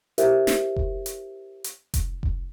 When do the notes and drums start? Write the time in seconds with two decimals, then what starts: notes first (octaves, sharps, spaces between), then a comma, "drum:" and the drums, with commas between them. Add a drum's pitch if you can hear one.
0.18 E4 G4 A#4 C5 E5, drum: hi-hat
0.47 drum: snare
0.76 drum: kick F1
1.06 drum: hi-hat
1.64 drum: hi-hat
1.94 drum: kick F1, hi-hat
2.23 drum: kick F1